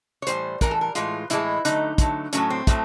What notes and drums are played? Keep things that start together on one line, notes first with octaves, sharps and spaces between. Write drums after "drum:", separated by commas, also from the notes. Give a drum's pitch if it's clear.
C#5
A2 E3 G3 C5, drum: hi-hat
A2 E3 G3 A#4, drum: kick, hi-hat
A4
A#4
A2 E3 G#3 F4, drum: hi-hat
A2 E3 G#3 E4, drum: hi-hat
D3 F#3 A3 D#4, drum: hi-hat
D3 F#3 A3, drum: kick, hi-hat
A2 F#3 A3 C#4, drum: hi-hat
C4
A2 F#3 A3, drum: kick, hi-hat